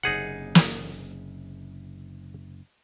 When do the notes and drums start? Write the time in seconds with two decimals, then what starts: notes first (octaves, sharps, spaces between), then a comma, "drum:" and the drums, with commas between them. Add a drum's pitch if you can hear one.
0.03 F#1 C3 D#4 G#4 F#5
0.55 drum: snare